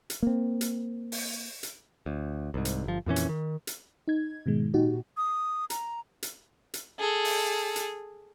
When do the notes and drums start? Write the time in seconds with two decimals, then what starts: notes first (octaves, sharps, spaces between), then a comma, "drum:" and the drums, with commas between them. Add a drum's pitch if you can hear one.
0.10 drum: hi-hat
0.23 A#3 C4
0.61 drum: hi-hat
1.12 drum: open hi-hat
1.63 drum: hi-hat
2.06 D2
2.54 C2 G#2
2.65 drum: hi-hat
2.84 G1 F3
3.06 F2 A#2 E3 C#4
3.16 drum: hi-hat
3.29 D#3
3.67 drum: hi-hat
4.08 D#4 G#6
4.46 G#2 B2 D#3 G#3
4.74 A#2 D#4 F#4 G4
5.17 D#6
5.70 A#5, drum: hi-hat
6.23 drum: hi-hat
6.74 drum: hi-hat
6.99 G#4 A4
7.25 drum: open hi-hat
7.76 drum: hi-hat